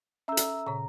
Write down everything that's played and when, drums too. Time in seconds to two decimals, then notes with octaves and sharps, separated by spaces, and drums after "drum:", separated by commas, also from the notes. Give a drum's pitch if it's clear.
0.28 C#4 A4 E5 A#5 E6
0.37 drum: hi-hat
0.66 A#2 C#3 C#5 A#5